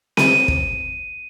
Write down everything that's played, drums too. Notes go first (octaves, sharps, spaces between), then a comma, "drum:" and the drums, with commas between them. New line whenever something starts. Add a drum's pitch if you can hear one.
D#7, drum: snare C4
drum: kick